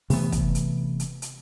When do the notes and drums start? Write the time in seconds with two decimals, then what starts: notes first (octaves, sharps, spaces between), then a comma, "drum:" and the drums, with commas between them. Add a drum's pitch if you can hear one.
0.10 C3 E3 A3 B3, drum: open hi-hat
0.32 drum: kick, hi-hat
0.55 drum: hi-hat
1.00 drum: hi-hat
1.22 drum: hi-hat